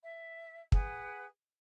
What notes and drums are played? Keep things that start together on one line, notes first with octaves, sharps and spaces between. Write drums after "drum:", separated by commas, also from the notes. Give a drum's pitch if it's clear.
E5
G#4 B4 F#5, drum: kick